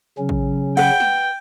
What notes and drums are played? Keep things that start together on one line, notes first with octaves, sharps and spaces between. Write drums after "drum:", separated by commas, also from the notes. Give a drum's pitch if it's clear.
C#3 F#3 C#4
drum: kick A1
B4 F#5 G5, drum: cymbal
drum: snare